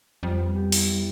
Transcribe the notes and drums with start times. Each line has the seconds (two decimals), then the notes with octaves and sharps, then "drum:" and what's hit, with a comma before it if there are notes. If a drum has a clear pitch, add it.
0.23 F2 G3
0.39 B3
0.56 G4
0.72 E4, drum: open hi-hat
0.88 G3